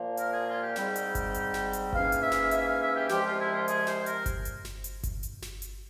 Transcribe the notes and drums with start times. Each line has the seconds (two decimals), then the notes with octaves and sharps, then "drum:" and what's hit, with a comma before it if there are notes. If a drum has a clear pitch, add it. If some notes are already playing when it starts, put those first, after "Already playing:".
Already playing: A#2 F3 A#3
0.17 A#4, drum: hi-hat
0.32 G#4
0.47 F4
0.61 G4
0.76 G#2 G3 C4, drum: snare
0.96 drum: hi-hat
1.15 drum: kick G1, hi-hat
1.34 drum: hi-hat
1.54 drum: snare
1.73 drum: hi-hat
1.93 G#2 E3 A#3 C#4 F5, drum: kick G1
2.12 drum: hi-hat
2.22 E5
2.32 drum: snare
2.51 E5, drum: hi-hat
2.66 F5
2.80 E5
2.94 G4
3.09 C2 C3 F3 G#3 G4, drum: snare
3.24 F4
3.39 E4
3.53 F4
3.68 G#4, drum: hi-hat
3.87 C5, drum: snare
4.06 A#4, drum: hi-hat
4.26 drum: kick G1, hi-hat
4.45 drum: hi-hat
4.65 drum: snare
4.84 drum: hi-hat
5.03 drum: kick G1, hi-hat
5.23 drum: hi-hat
5.42 drum: snare
5.62 drum: hi-hat